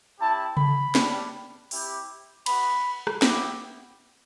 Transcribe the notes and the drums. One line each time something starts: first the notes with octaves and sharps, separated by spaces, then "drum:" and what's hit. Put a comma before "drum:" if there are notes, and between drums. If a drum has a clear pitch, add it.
C4 E4 G4 A5
B5, drum: tom C#3
G3 D4 G4, drum: snare
C4 E4 G4, drum: open hi-hat
B3 F#4 B5, drum: cymbal
drum: rim click
B3 E4 G4, drum: snare